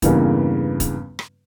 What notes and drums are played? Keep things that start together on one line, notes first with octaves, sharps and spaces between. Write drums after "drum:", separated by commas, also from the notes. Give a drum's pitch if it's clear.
E2 G2 C#3 E3 A#3, drum: kick, hi-hat
drum: kick, hi-hat
drum: rim click